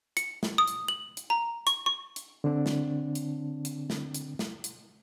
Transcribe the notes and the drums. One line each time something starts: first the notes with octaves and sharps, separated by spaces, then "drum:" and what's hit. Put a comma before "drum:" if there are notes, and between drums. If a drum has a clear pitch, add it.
C#7, drum: hi-hat
drum: snare
D#6
drum: hi-hat
F#7
drum: hi-hat
A#5
C#6, drum: hi-hat
C#6
drum: hi-hat
D3 C4 D4
drum: snare
drum: hi-hat
drum: hi-hat
drum: snare
drum: hi-hat
drum: snare
drum: hi-hat